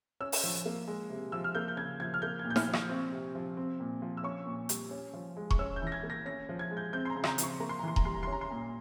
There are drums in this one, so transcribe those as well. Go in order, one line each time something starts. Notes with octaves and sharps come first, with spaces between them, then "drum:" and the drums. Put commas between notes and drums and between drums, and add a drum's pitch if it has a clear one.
C#4 E6
drum: open hi-hat
F3
A#3
G#3
C3
F3 E6
F6
A#3 G6
G6
C#3 G#6
F3 G#6
F6
A#3 G6
G#6
A#2
G6
F6, drum: snare
F3
C#6, drum: rim click
C4
C3
F3
C4
A#2
F3
E6
C#4 C#6
A#2
G3, drum: hi-hat
C#4
F3
G#3
C#6, drum: kick D#1
C#4 E6
G6
E3 A#6
G#6
A#3
A#6
C#4 A#6
F3
G#6
G#3
G6
C4 G6
C6
A#5
C#3
C6, drum: rim click
A#5
F3, drum: hi-hat
C#6
A#3 A#5
C6
A#5
E3 C6
A#5, drum: kick D#1
G3 C6
A#5
C6
C#4 A#5
C6
A#2 A#5